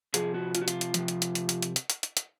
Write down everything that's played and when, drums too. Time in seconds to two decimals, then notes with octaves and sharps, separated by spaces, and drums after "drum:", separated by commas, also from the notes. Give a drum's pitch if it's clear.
0.14 C3 F3 G#4, drum: hi-hat
0.34 F#4
0.55 F4, drum: hi-hat
0.61 F#4
0.68 F4, drum: hi-hat
0.81 drum: hi-hat
0.94 C3 F3, drum: hi-hat
1.08 drum: hi-hat
1.22 drum: hi-hat
1.35 drum: hi-hat
1.49 drum: hi-hat
1.62 drum: hi-hat
1.76 drum: hi-hat
1.90 drum: hi-hat
2.03 drum: hi-hat
2.17 drum: hi-hat